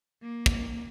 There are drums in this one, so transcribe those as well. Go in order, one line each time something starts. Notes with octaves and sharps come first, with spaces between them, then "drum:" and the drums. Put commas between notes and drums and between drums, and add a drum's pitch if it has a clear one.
A#3
drum: kick